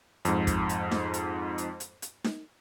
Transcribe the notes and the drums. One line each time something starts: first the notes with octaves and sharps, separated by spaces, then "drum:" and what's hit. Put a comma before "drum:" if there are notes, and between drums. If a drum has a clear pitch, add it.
F2 G#2, drum: hi-hat
drum: kick, hi-hat
drum: hi-hat
drum: snare D#4
drum: hi-hat
drum: hi-hat
drum: hi-hat
drum: hi-hat
drum: snare D#4